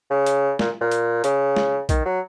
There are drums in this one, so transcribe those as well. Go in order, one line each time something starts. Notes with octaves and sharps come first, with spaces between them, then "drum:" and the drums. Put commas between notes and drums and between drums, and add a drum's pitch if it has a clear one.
C#3
drum: hi-hat
A#2, drum: snare
A#2
drum: hi-hat
C#3, drum: hi-hat
drum: snare
D#3, drum: kick B1, hi-hat
F#3